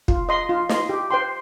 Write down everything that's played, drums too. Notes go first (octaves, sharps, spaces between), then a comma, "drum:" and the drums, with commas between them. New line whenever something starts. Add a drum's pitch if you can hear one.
F4, drum: kick
D#5 C6
F4
D#5 C6, drum: snare
G4
C5 G5 C6